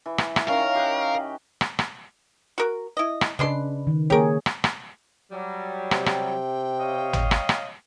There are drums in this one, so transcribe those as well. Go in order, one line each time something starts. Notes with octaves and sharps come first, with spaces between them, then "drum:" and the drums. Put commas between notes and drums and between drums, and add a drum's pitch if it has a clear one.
E3
drum: rim click
drum: rim click
D#3 C#4 A#4 F5
G4 D#5 F#5
drum: rim click
drum: rim click
F#4 A#4
E4 D#5
drum: rim click
C#3 G#3 D4 B4 C6
D#3
A#3 G4 G#4 A#4 C#5
drum: rim click
drum: rim click
F#3 G3
C3 G5, drum: rim click
drum: rim click
C#5 D#5 F5
drum: tom
drum: rim click
drum: rim click